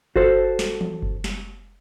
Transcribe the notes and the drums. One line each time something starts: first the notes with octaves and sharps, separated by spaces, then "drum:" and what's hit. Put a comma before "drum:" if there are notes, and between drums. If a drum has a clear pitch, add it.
F#4 A4 C5, drum: kick F#1
drum: snare
drum: tom E3
drum: kick F#1
drum: snare